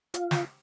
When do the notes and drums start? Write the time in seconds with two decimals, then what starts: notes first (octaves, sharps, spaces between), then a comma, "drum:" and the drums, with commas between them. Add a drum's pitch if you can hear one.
0.14 F4, drum: hi-hat
0.31 drum: snare